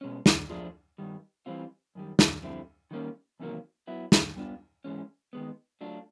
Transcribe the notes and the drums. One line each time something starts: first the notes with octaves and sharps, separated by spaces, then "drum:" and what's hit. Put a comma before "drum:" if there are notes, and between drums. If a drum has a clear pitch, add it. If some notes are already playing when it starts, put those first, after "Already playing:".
B2 G#3 C#4
drum: snare
F3 A3 D4 F4 G#4
G2 D#3 G3
E3 G3 C4 F4
F#2 D#3 G3
drum: snare
F2 D3 G3 C4 E4
D#3 G3 A#3 C#4
E2 C3 D#3 F#3 A#3
F#3 B3 E4
drum: snare
G3 B3 D4 F4
G#2 E3 G#3 C#4
D#3 G#3 B3
F#3 A3 D4 F4